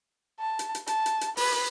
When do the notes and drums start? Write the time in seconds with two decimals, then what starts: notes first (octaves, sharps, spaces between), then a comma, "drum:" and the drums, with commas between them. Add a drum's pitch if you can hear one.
0.40 A5
0.59 drum: hi-hat
0.75 drum: hi-hat
0.87 A5, drum: hi-hat
1.06 drum: hi-hat
1.21 drum: hi-hat
1.37 B4, drum: open hi-hat
1.52 drum: hi-hat